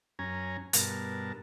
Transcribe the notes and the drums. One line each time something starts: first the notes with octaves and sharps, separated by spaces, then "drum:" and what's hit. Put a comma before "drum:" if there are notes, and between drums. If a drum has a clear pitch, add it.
F#2 C#4 G#5 A#5
G2 B2 A#4 A5, drum: hi-hat